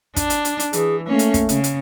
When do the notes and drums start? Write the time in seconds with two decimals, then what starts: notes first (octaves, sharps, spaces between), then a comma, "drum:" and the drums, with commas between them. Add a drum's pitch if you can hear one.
0.16 D4, drum: kick, hi-hat
0.30 drum: hi-hat
0.45 drum: hi-hat
0.60 drum: hi-hat
0.73 E3 G#4, drum: hi-hat
1.07 A3 A#3 C#4
1.19 drum: hi-hat
1.34 drum: kick, hi-hat
1.49 C#3, drum: hi-hat
1.64 drum: hi-hat